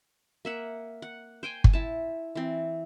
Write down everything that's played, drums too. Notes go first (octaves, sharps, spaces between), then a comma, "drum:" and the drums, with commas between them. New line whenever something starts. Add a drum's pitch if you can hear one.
A#3 E5 F#5
F#5
C5 G5 G#5
drum: kick G1
E4 A5
E3 C4